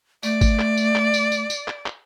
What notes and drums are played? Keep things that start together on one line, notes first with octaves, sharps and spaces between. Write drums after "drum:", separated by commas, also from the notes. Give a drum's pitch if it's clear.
A3 D5, drum: tambourine
drum: kick G#1, tambourine
drum: clap
drum: tambourine
drum: clap
drum: tambourine
drum: tambourine
drum: tambourine
drum: clap
drum: clap